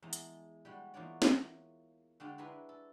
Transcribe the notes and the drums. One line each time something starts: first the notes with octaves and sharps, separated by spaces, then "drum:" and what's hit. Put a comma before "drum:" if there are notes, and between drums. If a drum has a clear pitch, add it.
E2 G#3 A5 A#5
drum: hi-hat
G3 G#3 F#4
E2 A#3 F4 F#4 C#5 D5
drum: snare
D3 G#3 F#4 F5 G5 A5
D4 E4 B4 G#5 A#5 C6
A4